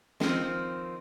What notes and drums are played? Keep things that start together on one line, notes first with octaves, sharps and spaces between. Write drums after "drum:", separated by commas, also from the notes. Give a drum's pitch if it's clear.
D#3 F3 C4, drum: snare